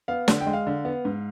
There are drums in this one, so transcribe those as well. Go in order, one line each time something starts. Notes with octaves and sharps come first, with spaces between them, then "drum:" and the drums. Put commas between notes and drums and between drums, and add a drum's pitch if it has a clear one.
B3 F5
D3, drum: snare
G5
G#3
F5
D3
B3
G#2